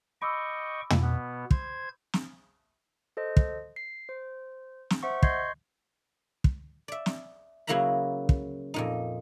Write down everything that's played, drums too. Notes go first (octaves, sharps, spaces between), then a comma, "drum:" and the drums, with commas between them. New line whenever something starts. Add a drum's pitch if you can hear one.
D#5 G5 B5 C#6 D6 E6
drum: tom
B2 B3
C5 G#6, drum: kick
drum: snare
A4 C5 D#5
drum: kick
C7
C5
drum: snare
C5 E5 F#5 C#6
D#5 C6 C#6 G6 G#6 C7, drum: kick
drum: kick
D5 E5
drum: snare
C#3 F#3 A#3 E4 A#5 B5
drum: kick
F2 A#2 D#4